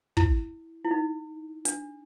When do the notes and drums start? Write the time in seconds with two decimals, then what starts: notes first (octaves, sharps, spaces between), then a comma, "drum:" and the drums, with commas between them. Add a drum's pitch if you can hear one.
0.17 E4, drum: kick
0.85 E4
0.91 D#4
1.65 D4, drum: hi-hat